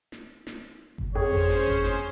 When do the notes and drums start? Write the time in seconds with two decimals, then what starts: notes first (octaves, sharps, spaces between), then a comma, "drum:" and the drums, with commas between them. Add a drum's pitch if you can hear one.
0.12 drum: snare
0.47 drum: snare
0.98 drum: kick G1
1.16 F2 C#4 G#4 C5 C#5
1.33 drum: kick G1
1.50 drum: snare
1.67 drum: kick G1
1.84 drum: snare